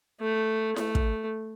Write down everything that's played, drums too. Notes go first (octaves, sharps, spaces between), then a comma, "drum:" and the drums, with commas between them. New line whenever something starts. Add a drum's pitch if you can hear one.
A3
A3, drum: snare E4
drum: kick